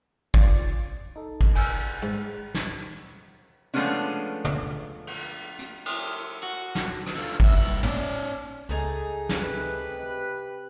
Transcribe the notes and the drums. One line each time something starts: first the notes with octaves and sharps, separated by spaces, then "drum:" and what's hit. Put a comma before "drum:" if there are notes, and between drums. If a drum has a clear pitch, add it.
F4 D5, drum: kick
D#4 A4
drum: kick
G#5 E6 F6, drum: cymbal
G#2
drum: snare
F3 G#3 A3 B3 C#4 D4
drum: tom
drum: cymbal
drum: hi-hat
drum: cymbal
F#4
drum: snare
drum: rim click
D3 F4
D#2 E5, drum: kick
G2 E4
C#4 D5, drum: tom
C#2 A3 D#4 G#4
C3 G4 B4, drum: snare